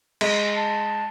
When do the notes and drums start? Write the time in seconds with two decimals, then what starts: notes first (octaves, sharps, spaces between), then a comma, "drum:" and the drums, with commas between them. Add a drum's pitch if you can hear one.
0.21 G#3, drum: cymbal
0.57 A5